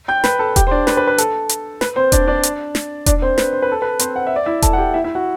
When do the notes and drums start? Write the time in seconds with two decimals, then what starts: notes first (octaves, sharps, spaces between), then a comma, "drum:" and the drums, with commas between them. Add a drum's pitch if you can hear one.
0.08 G5 G6
0.24 B4 B5, drum: snare
0.39 A4 A5
0.56 G4 G5, drum: kick E1, hi-hat
0.67 C5
0.71 D4 D5
0.87 B4, drum: snare
0.97 B4
1.07 B4
1.18 A4, drum: hi-hat
1.49 drum: hi-hat
1.81 B4, drum: snare
1.96 C4 C5
2.12 D4 D5, drum: kick E1, hi-hat
2.27 D4 D5
2.43 drum: hi-hat
2.75 drum: snare
3.06 D4 D5, drum: kick E1, hi-hat
3.22 C4 C5
3.38 B4, drum: snare
3.53 C5
3.62 B4
3.72 A4
3.82 B4
3.99 C4 C5, drum: hi-hat
4.16 F#5
4.27 E5
4.36 D5
4.46 E4 E5
4.62 A4 A5, drum: kick E1, hi-hat
4.73 F#5
4.78 G4 G5
4.94 E4 E5
5.04 E4 E5
5.15 F#4 F#5